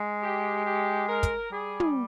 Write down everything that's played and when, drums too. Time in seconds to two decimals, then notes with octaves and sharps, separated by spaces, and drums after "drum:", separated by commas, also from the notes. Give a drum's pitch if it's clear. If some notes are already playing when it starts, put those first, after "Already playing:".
Already playing: G#3
0.23 G4
0.66 G4
1.09 A#4
1.23 drum: kick, hi-hat
1.52 G3 G#4
1.80 drum: tom